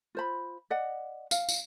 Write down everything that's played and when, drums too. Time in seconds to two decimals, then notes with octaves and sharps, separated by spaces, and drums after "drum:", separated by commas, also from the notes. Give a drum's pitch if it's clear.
0.15 F4 C5 B5
0.70 D5 D#5 F#5
1.31 F5, drum: tambourine
1.49 drum: tambourine